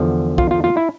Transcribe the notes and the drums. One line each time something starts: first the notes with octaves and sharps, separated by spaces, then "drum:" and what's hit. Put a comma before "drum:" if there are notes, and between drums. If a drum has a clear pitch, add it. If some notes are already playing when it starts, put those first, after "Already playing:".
Already playing: E2 D3 F3
F4, drum: kick
F4
F4
E4